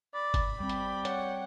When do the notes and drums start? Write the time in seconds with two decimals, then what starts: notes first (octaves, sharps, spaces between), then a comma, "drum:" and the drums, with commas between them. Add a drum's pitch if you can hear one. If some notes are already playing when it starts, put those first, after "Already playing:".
0.14 D5 B5
0.34 drum: kick G1, hi-hat
0.60 G3 C4 D5 G5
0.69 drum: hi-hat
1.05 C#5 F#5, drum: hi-hat